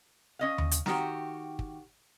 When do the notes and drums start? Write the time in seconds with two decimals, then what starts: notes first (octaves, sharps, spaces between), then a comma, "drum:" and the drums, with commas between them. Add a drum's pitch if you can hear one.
0.39 C#4 D#5 F5
0.58 drum: tom D#2
0.71 drum: hi-hat
0.86 D#3 F#4 G4, drum: snare
1.59 drum: kick